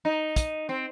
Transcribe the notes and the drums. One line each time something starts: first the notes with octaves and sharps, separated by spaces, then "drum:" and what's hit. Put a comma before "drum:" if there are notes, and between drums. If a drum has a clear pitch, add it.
D#4
drum: kick, hi-hat
C4